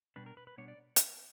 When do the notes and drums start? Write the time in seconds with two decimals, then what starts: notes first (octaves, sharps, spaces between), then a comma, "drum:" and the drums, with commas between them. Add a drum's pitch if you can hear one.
0.16 B2 G3 B3 D4 B4
0.26 A#4
0.37 B4
0.47 B4
0.57 B2 G3 B3 D4 C#5
0.68 D5
0.96 drum: hi-hat